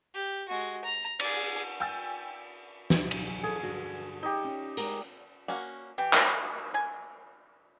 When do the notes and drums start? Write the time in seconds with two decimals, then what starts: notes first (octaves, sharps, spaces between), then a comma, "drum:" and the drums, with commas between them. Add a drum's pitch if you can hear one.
0.14 G4
0.49 G#3 F#4
0.84 A#5
1.20 G#4 D5, drum: cymbal
1.80 G5 G#5 E6 A6
2.90 drum: snare
3.11 drum: cymbal
3.43 E3 G#4 A4
3.62 G2 D3 F#4
4.23 D#4 G4
4.44 C#4
4.77 G#3 A#4, drum: hi-hat
5.48 A#3 C#4 F#4
5.98 E3 G4
6.13 drum: clap
6.74 G#5